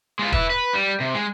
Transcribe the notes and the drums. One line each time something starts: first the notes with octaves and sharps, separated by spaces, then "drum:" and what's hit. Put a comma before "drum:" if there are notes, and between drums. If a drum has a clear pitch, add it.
G#3 F4
B4 E5, drum: kick
B4
G3
C3
G#3